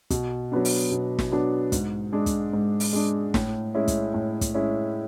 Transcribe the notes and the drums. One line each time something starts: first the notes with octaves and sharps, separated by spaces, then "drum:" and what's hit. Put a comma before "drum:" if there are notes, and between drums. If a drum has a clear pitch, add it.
B2, drum: kick, hi-hat
F#3 B3 D4
drum: open hi-hat
B2
drum: snare
F#3 B3 D4
G#2, drum: kick, hi-hat
G#3 D4
drum: kick, hi-hat
G#2
drum: open hi-hat
G#3 D4
A2, drum: snare
G#3 C#4 E4
drum: kick, hi-hat
A2
drum: kick, hi-hat
G#3 C#4 E4